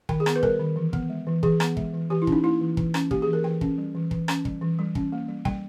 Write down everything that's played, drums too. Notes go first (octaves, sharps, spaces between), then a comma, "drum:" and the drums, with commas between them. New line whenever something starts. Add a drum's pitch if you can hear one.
D#3 G5, drum: kick
G#4
B3, drum: rim click
B4
G3 A#4, drum: kick
D#3
E3
B3, drum: kick
G#3
E3
E3 G#4, drum: kick
B3, drum: rim click
G#3, drum: kick
E3
E3 G4
E4
C#4, drum: kick
D#4
A#3 E4
E3
E3, drum: kick
C#4, drum: rim click
A#3 G4, drum: kick
G#4
E3
A#4
E3 G5
C#4, drum: kick
G3
E3
E3, drum: kick
C#4, drum: rim click
G3, drum: kick
E3
G3
C#4, drum: kick
A#3
G3
G3 G5, drum: kick